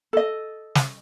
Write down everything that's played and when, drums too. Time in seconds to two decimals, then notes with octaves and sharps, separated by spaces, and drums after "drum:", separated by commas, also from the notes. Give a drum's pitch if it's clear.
0.13 A4 D#5
0.75 drum: snare